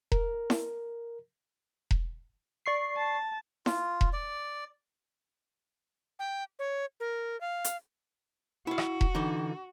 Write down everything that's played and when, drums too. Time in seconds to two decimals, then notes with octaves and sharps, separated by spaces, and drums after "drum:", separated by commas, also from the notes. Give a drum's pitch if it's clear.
0.12 A#4, drum: kick E1
0.50 drum: snare E4
1.91 drum: kick E1
2.66 D5 C#6 C7
2.97 A5
3.66 F4, drum: snare E4
4.01 drum: kick E1
4.13 D5
6.19 G5
6.59 C#5
7.00 A#4
7.41 F5
7.64 drum: hi-hat
8.67 E4 F#4 F5
8.78 drum: rim click
9.01 drum: kick E1
9.15 D3 E3 D#4